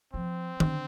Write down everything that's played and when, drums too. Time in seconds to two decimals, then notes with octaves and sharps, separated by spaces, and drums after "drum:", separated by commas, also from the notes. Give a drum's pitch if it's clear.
0.14 F3 C4
0.60 D3, drum: tom D#3